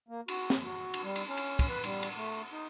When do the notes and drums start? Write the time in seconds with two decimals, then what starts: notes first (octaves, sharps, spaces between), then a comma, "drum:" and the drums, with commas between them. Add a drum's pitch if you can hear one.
0.08 A#3
0.28 F#4, drum: cymbal
0.50 drum: snare
0.64 F#4
0.94 drum: cymbal
1.03 G3
1.16 drum: cymbal
1.27 C#4
1.37 drum: cymbal
1.59 drum: kick, cymbal
1.69 B4
1.84 G3, drum: cymbal
2.03 drum: cymbal
2.16 A3
2.52 D#4